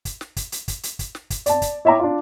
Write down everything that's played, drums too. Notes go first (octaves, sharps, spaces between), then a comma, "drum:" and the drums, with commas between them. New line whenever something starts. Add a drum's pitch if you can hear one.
drum: kick, hi-hat
drum: snare
drum: kick, hi-hat
drum: hi-hat
drum: kick, hi-hat
drum: hi-hat
drum: kick, hi-hat
drum: snare
drum: kick, hi-hat
D5 A5, drum: hi-hat
drum: kick, hi-hat
E4 C#5 E5 G5 A#5 D6
D4 F4